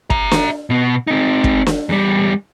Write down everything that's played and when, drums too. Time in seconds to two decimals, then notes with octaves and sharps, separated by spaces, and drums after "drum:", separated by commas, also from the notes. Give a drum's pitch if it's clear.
0.10 E5 A#5, drum: kick
0.31 drum: snare
0.70 B2 B3
1.07 C4 D#4
1.44 drum: kick
1.66 drum: snare
1.89 E2 G3